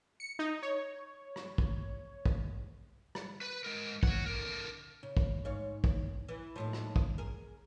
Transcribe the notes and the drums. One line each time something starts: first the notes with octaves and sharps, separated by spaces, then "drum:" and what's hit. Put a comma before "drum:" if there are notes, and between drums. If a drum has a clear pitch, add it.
C#7
D#4
C#5
drum: rim click
drum: kick
drum: kick
drum: rim click
B4 B5
G#3 A#4
C#5 F#5, drum: kick
D3 A#4
C#3
drum: kick
G#2 C#5 F5
drum: kick
E3
D#2 A2 F3
drum: rim click
drum: kick
G#4 A#4